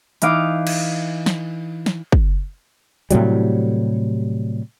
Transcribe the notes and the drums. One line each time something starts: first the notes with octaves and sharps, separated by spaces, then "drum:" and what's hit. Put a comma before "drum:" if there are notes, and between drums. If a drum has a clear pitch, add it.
E3 D#4 F5 D6, drum: hi-hat
drum: cymbal
drum: snare
drum: snare
drum: kick
A2 C3 F#3 G3, drum: hi-hat